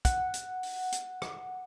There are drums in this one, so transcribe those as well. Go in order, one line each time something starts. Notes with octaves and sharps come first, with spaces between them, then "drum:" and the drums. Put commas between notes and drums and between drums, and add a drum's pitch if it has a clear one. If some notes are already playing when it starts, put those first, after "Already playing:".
F#5, drum: kick, hi-hat
drum: hi-hat
drum: open hi-hat
drum: hi-hat
drum: rim click